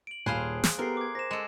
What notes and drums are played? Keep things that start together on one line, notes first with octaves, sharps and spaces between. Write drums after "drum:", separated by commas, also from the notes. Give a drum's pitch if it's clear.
D7 F#7
D#1 G#4 C5 F5 G#5 B5 F#6
drum: snare
B3 G4 A4 A#4 C6 C7
D6 G#6
C5 A#6 E7
G#3 A4 E7